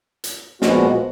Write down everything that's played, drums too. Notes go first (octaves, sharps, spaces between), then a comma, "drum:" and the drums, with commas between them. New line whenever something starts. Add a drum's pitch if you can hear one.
drum: hi-hat
A#2 F3 G#3 B3 F#4, drum: snare